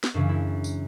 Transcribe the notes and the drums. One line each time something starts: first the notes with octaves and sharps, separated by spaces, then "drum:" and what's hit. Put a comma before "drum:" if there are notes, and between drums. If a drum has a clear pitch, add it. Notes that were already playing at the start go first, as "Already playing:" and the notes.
drum: snare
F#2 C#3 E3 D4
E4
drum: tambourine